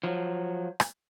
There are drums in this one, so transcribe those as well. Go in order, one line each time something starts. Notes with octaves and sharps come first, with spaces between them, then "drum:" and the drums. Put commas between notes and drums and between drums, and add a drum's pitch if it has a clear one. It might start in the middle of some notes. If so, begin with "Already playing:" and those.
F3 F#3
drum: rim click